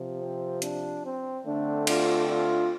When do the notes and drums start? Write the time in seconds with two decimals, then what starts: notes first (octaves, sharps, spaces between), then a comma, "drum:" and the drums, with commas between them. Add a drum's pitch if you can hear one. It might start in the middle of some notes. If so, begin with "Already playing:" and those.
Already playing: C3 F3
0.20 C4
0.62 D4, drum: hi-hat
1.03 C4
1.46 D3 A3 C4 D4
1.87 D4 F4, drum: cymbal
2.29 D4 F4